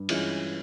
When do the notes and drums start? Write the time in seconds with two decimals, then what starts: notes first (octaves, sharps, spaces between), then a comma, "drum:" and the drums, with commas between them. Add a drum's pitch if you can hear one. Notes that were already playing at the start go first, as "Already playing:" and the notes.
Already playing: G2
0.09 E3 G#3 C#4 F4, drum: cymbal